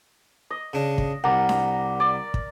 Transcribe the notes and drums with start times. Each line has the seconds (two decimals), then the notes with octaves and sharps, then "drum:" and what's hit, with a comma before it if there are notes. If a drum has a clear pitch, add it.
0.50 D#5
0.73 C#3 D4
0.98 drum: kick
1.24 C2 A#4 D5 F#5 A#5
1.49 drum: snare D4
2.00 D5
2.34 drum: kick